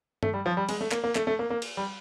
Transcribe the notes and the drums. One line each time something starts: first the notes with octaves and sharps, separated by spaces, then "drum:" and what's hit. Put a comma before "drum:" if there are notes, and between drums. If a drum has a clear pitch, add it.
A3, drum: tom G2
G3
F3
G3
G#3, drum: cymbal
A3
A#3, drum: clap
A#3
A3, drum: clap
A3
A#3
A#3
drum: cymbal
G3